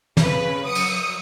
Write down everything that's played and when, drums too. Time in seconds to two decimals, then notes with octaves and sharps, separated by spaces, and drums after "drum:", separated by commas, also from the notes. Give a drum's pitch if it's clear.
0.17 C#3 B4, drum: snare
0.64 F#3 D#6 C#7
0.75 drum: cymbal